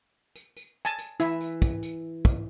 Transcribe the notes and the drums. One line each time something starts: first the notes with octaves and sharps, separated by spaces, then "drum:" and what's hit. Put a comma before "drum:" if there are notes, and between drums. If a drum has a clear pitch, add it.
drum: tambourine
drum: tambourine
G#5 A5
drum: tambourine
E3 E4 E5, drum: tambourine
drum: tambourine
drum: kick, tambourine
drum: tambourine
drum: kick, tambourine